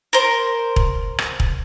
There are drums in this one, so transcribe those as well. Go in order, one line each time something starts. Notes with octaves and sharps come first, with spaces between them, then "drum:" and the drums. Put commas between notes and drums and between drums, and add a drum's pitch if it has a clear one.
A#4 C5
drum: kick E1
drum: rim click
drum: kick E1